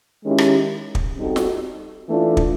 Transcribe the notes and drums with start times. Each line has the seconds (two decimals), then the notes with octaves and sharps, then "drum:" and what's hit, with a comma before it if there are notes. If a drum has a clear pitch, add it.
0.24 D#3 G#3 C#4 E4 G4
0.38 drum: rim click
0.95 drum: kick
1.17 G3 C4 D#4 F#4 A4
1.36 drum: snare
2.08 E3 A3 D4 F4
2.37 drum: kick